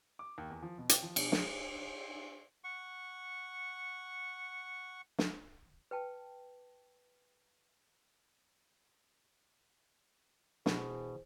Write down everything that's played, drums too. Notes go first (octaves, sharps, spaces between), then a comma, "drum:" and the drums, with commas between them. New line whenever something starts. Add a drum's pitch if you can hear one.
D6
D#2
E2
F3
B2
G5, drum: hi-hat
F3
B2, drum: cymbal
G#4, drum: snare
F#5 C#6
drum: snare
B4 G5 A5
B2 E3 G#4 C5, drum: snare